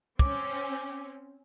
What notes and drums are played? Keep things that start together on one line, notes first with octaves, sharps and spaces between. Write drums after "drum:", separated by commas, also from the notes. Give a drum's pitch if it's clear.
C4 C#4 D6, drum: kick